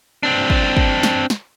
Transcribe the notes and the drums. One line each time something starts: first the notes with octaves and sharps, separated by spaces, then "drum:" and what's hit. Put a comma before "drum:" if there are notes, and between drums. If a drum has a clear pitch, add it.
C4 D4
drum: kick
drum: kick
drum: snare
drum: snare